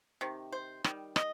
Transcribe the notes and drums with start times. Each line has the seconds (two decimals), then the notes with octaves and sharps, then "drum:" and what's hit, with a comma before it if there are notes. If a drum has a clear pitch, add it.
0.21 C3 D#3
0.52 C5
0.84 D#3 G3, drum: rim click
1.16 D#5, drum: rim click